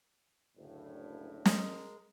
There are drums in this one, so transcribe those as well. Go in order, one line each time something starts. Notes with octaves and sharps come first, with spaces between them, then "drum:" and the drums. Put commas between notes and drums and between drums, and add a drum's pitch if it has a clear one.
F#1 D2 A2
G#3 A#4, drum: snare